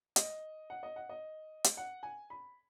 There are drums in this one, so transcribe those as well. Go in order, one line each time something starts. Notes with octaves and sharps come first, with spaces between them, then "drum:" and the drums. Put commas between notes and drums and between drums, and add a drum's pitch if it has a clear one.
D#5, drum: hi-hat
F#5
D#5
F#5
D#5
drum: hi-hat
F#5
G#5
B5